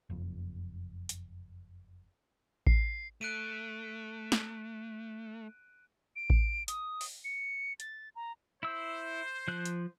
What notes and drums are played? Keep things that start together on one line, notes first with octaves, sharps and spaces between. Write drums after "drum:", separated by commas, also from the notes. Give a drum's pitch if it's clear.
F#1 F2
drum: hi-hat
C7, drum: kick A1
A3 F#6 D7 D#7
drum: snare
D7
drum: kick A1
D#6, drum: hi-hat
drum: open hi-hat
C#7
A6, drum: hi-hat
A#5
E4 C5 E6
F3 F#6
drum: hi-hat